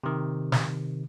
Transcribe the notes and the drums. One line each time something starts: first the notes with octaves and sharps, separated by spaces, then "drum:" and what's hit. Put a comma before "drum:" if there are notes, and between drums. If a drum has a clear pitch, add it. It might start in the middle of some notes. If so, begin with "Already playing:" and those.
C3 D#3
drum: snare